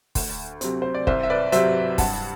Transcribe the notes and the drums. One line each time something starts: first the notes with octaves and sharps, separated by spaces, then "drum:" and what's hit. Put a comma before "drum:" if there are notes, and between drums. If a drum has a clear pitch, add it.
D2, drum: kick, open hi-hat
C3 F#3 C4, drum: hi-hat
C5
D5
C2 C5 E5, drum: kick
E5
B4 D5
C3 F#3 C5 E5, drum: hi-hat
G2 F#5 A5, drum: kick, open hi-hat